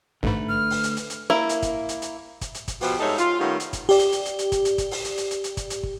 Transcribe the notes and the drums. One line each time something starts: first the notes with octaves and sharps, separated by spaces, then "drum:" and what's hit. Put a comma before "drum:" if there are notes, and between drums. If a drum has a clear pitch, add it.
A1 G#2 D3 A3 B4
F6
drum: open hi-hat
drum: hi-hat
drum: hi-hat
drum: hi-hat
A#3 E4
drum: hi-hat
drum: kick, hi-hat
drum: hi-hat
drum: hi-hat
drum: kick, hi-hat
drum: hi-hat
drum: kick, hi-hat
B2 F3 G4, drum: open hi-hat
G#2 G3 D#4 A4 C#5 E5
F4, drum: hi-hat
D#3 G3 A3 B3 C#4 F4
drum: hi-hat
drum: kick, hi-hat
G4 D5, drum: open hi-hat
drum: hi-hat
drum: hi-hat
drum: hi-hat
drum: hi-hat
drum: kick, hi-hat
drum: hi-hat
drum: kick, hi-hat
drum: open hi-hat
drum: hi-hat
drum: hi-hat
drum: hi-hat
drum: hi-hat
drum: kick, hi-hat
drum: hi-hat
drum: kick